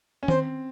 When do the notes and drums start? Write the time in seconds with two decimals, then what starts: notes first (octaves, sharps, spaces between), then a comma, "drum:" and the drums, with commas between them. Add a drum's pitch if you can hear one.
0.23 C#4
0.28 C4 C5, drum: tom D#3